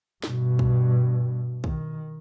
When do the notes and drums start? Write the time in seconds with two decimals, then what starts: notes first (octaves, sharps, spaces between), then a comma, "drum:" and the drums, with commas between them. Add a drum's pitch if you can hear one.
0.24 G2 B2, drum: snare
0.59 drum: kick
1.64 D#3, drum: kick